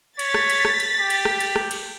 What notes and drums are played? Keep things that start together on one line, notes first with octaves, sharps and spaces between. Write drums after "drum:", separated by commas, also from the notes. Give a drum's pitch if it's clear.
C#5 A6 B6, drum: cymbal
drum: rim click
drum: cymbal
drum: rim click
drum: cymbal
G4
drum: cymbal
drum: rim click
drum: cymbal
drum: rim click
drum: cymbal